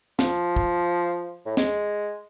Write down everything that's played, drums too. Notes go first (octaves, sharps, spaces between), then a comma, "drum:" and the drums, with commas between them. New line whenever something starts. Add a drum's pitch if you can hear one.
F3, drum: snare
drum: kick
A2
G#3, drum: snare